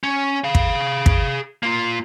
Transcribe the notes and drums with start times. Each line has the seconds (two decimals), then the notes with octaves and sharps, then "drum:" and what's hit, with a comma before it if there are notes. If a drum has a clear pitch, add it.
0.03 C#4
0.44 G#4 F5
0.55 drum: kick
1.06 drum: kick
1.63 A#3 F4